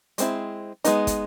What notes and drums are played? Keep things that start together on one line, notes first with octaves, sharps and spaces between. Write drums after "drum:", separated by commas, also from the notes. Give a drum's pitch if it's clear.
G#3 C4 E4, drum: hi-hat
G#3 B3 D#4, drum: hi-hat
drum: kick, hi-hat